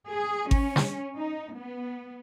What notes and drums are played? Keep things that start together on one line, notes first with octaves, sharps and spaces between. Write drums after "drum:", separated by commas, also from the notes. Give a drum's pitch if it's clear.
G#4
C#4, drum: kick G#1
drum: snare
D#4
B3